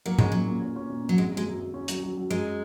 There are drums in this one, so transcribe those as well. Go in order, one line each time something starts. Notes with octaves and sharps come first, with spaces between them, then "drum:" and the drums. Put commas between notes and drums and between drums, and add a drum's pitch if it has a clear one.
F#3 A#3
G#3 C#4, drum: tom A2
A#2 F#3
A#2
C#4
C#4
A#2
A#2 F#3
G#1 G#3
F#3
G#3
F#2
F#2
C#4
F#3, drum: hi-hat
F#3
F#3
F#2 G#3